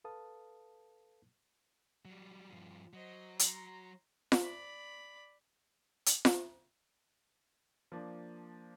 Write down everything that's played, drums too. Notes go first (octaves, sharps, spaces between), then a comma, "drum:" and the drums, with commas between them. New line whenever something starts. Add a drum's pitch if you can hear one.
A4 B4 F5 A5 D#6
F#3 G3
G2 F3
F#3 C5 D#5
A#5 C6, drum: hi-hat
drum: snare F4
D5 B5
drum: hi-hat
drum: snare F4
F3 A#3 D4